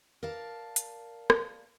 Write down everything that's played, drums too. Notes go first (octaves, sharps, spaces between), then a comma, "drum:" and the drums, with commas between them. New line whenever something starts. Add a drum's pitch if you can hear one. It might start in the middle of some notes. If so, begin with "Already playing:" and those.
A#4 D5 F5 A5
drum: hi-hat
drum: rim click